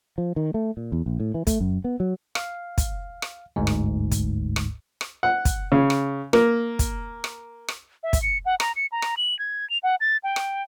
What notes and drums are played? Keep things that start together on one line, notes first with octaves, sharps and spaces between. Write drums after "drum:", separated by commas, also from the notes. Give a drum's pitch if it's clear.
F3
D#3
A3
A#2
E2
A#1
A2
E3
A3, drum: kick, hi-hat
F#2
B3
F#3
F5, drum: rim click
drum: kick, hi-hat
drum: rim click
G1 D2 G#2
drum: rim click
drum: kick, hi-hat
drum: rim click
drum: rim click
F#5
drum: kick, hi-hat
C#3
drum: rim click
A#3, drum: rim click
drum: kick, hi-hat
drum: rim click
drum: rim click
E5
drum: kick, hi-hat
C#7
F#5
A#5, drum: rim click
C#7
A#5
drum: rim click
F#7
G#6
F7
F#5
A6
G5
drum: rim click